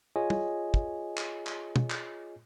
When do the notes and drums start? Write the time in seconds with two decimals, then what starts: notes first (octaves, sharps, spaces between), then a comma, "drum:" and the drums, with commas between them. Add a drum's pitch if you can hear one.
0.16 F4 G#4 C#5 D#5 G#5
0.30 drum: tom
0.74 drum: kick
1.17 drum: clap
1.47 drum: clap
1.76 drum: tom
1.90 drum: clap